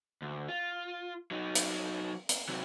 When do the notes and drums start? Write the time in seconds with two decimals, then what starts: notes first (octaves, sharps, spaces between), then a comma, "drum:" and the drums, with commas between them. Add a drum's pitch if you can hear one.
0.22 D2
0.49 F4
1.31 F#3 D#4
1.55 drum: hi-hat
2.29 drum: hi-hat
2.49 C3 F#3